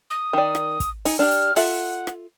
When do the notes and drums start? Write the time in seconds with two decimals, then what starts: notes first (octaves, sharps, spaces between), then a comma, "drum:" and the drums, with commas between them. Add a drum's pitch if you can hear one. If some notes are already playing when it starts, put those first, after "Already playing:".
0.10 D#6
0.33 D#3 D5
0.55 drum: rim click
0.80 drum: kick, hi-hat
1.05 D#4 G#5, drum: open hi-hat
1.19 D4 G4 F6
1.31 drum: hi-hat
1.56 F4 A4 E5 F#5, drum: open hi-hat
2.07 drum: rim click